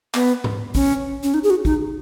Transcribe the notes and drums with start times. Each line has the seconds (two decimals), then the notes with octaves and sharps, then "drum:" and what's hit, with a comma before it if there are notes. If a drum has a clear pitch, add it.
0.14 B3, drum: clap
0.44 drum: tom G#2
0.75 C#4, drum: kick
1.23 C#4
1.34 D#4
1.44 G#4
1.50 F#4
1.65 D#4, drum: kick